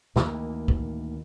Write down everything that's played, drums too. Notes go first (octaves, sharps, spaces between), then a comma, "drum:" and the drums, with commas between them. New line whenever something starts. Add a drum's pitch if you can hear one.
D2 D#3 E3 A#3, drum: snare
drum: kick